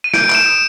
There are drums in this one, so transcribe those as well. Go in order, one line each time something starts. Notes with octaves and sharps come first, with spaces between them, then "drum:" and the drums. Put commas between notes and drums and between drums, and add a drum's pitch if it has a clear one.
D#7
G6 D7, drum: snare
D7
G6 E7, drum: clap
D#6